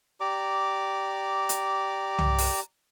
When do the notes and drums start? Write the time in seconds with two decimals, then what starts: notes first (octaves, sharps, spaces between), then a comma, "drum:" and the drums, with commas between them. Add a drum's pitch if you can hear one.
0.20 G4 D5 A#5 D6
1.49 drum: hi-hat
2.18 drum: tom C2
2.39 drum: open hi-hat